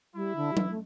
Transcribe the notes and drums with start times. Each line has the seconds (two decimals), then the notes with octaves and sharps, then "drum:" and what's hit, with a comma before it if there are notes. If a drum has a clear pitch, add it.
0.15 G3 E4
0.36 D3
0.53 G3
0.57 E3, drum: tom F#3
0.70 A3